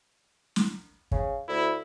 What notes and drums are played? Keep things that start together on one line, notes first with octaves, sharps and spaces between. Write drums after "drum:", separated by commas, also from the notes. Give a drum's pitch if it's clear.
drum: snare
C#3, drum: kick
D2 E4